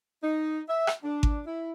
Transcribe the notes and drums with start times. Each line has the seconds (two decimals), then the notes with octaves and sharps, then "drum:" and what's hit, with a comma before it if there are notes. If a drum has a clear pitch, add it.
0.23 D#4
0.69 E5
0.87 drum: rim click
1.04 D4
1.23 drum: kick G#1
1.46 E4